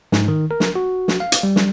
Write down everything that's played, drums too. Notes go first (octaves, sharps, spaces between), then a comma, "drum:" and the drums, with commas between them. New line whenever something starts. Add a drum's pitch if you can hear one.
G#2, drum: snare
D#3
A#4
drum: snare
F#4
drum: snare
F5
drum: hi-hat
G3
drum: snare